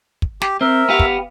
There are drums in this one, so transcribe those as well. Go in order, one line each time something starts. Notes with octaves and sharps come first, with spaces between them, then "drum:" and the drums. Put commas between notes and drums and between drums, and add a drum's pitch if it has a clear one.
drum: kick
G4, drum: snare
C4 A#4 E5
B3 G4 F5
drum: kick